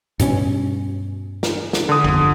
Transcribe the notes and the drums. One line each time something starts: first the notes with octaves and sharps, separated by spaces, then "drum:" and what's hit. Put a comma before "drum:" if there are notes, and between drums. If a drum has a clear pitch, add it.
G2 B2 C#4, drum: hi-hat
drum: snare
drum: snare
D3 D#6
G1 F2